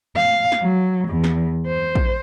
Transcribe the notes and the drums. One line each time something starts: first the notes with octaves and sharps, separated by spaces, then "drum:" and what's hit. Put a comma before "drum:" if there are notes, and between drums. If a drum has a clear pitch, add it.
F5
drum: snare
F#3
E2
drum: snare
C5
drum: kick A#1